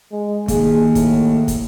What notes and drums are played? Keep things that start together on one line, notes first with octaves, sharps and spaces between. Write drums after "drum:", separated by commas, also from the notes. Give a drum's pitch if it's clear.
G#3
D#3 A#3 G#4, drum: kick, hi-hat
A2, drum: kick, hi-hat
drum: kick, hi-hat